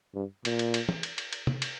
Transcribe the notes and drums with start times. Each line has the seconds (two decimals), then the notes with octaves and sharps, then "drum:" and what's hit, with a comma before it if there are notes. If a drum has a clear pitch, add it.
0.15 G2
0.45 A#2, drum: cymbal
0.59 drum: cymbal
0.74 drum: cymbal
0.89 drum: tom
1.03 drum: cymbal
1.18 drum: cymbal
1.33 drum: cymbal
1.47 drum: tom
1.62 drum: cymbal